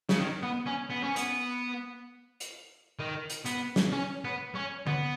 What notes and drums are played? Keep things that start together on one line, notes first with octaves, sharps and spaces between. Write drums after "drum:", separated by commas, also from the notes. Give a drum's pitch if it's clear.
C#3, drum: snare
D#3
B3
C#4
B3
C#4
B3, drum: hi-hat
drum: hi-hat
D#3
drum: hi-hat
B3, drum: hi-hat
drum: snare
C#4
B3
C#4
B3, drum: tom D3